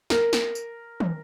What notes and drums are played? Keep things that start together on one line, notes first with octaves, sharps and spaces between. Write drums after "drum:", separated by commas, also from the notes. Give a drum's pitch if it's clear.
A#4, drum: snare
drum: snare
drum: tambourine
drum: tom